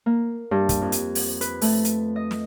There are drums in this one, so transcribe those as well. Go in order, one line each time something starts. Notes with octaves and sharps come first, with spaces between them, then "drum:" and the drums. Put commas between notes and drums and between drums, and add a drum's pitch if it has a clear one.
A#3
G2
drum: kick, hi-hat
F2
drum: hi-hat
drum: open hi-hat
B4, drum: hi-hat
A3, drum: open hi-hat
drum: hi-hat
D#5
drum: snare